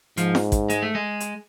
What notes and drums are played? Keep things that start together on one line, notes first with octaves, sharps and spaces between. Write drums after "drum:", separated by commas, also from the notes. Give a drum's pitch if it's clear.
G#2 F3, drum: hi-hat
drum: snare F4
drum: kick, hi-hat
G#3, drum: hi-hat
A3
G#3
drum: hi-hat